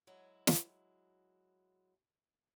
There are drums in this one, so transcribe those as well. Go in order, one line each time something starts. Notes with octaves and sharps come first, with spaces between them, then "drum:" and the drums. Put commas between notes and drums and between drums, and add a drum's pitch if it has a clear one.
F#3 G#3 E4
drum: snare